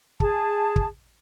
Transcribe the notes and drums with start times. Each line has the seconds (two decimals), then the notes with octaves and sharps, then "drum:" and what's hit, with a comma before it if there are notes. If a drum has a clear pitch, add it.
0.20 G#4 A5, drum: kick
0.76 drum: kick